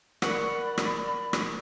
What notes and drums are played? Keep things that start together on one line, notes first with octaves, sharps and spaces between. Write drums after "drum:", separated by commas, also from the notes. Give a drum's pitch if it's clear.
A#4 D5 F#5 B5 C#6, drum: rim click
drum: rim click
drum: rim click